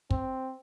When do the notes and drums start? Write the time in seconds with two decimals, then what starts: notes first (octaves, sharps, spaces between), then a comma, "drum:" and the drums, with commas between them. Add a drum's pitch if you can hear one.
0.11 C4, drum: kick